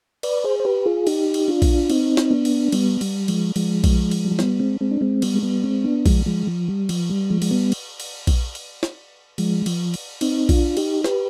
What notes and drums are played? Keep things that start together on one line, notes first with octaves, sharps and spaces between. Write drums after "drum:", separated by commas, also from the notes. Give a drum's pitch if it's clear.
B4 D5, drum: cymbal
G#4 C5
C5
G4 B4
F4 G#4
D#4 G4, drum: cymbal
drum: cymbal
D4 F4
drum: kick A#1, cymbal
C4 D#4, drum: cymbal
drum: snare
B3 D4
drum: cymbal
G3 B3, drum: cymbal
G3, drum: cymbal
F3 G#3, drum: cymbal
F3 G#3, drum: cymbal
drum: kick A#1, cymbal
drum: cymbal
G3
G#3
G3 B3, drum: snare
G#3 C4
G#3 C4
D4
G#3 C4
G3 B3, drum: cymbal
G#3
G3 B3
G#3 C4
B3 D4
F3 G#3, drum: kick A#1, cymbal
F3 G#3
F3
G3
F3, drum: cymbal
G3
F3 G#3
G#3, drum: cymbal
G3 B3
drum: cymbal
drum: cymbal
drum: kick A#1, cymbal
drum: cymbal
drum: snare
F3 G#3, drum: cymbal
F3, drum: cymbal
drum: cymbal
C4 D#4, drum: cymbal
D4 F4, drum: kick A#1, cymbal
D#4 G4, drum: cymbal
G4 B4, drum: snare